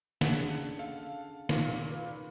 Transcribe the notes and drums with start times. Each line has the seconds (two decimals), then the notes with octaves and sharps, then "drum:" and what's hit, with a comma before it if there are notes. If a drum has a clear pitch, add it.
0.21 C#3 D4 F#5, drum: snare
0.79 A4 F5
1.49 A#2 D#3, drum: snare
1.90 B4